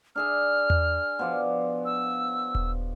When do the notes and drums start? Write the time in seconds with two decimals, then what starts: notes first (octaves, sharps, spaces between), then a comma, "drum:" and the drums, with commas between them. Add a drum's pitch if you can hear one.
0.16 D4 G#4 E5 F6
0.70 drum: tom E2
1.19 B2 F3 D5
1.85 E6
2.55 drum: kick D#1